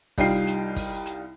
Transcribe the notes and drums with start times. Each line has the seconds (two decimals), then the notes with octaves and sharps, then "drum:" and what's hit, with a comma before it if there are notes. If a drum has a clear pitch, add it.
0.18 C2 G3 D#4 F4 G5 C7, drum: kick, open hi-hat
0.47 drum: hi-hat
0.76 drum: kick, open hi-hat
1.06 drum: hi-hat